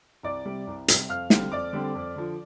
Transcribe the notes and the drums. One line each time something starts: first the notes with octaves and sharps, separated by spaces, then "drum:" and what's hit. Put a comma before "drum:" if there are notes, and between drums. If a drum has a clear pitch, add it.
C2 D5 D6
C3 G3
C2
C3 G3, drum: hi-hat
F2 F5 F6
D3 G3 C4, drum: snare
F2 D5 D6
D3 G3 C4
F2
D3 F3